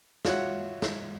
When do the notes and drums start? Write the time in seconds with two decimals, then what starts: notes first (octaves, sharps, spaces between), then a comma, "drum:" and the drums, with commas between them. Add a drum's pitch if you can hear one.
0.25 F4 F#4 C#5 E5 F#5, drum: snare
0.82 drum: snare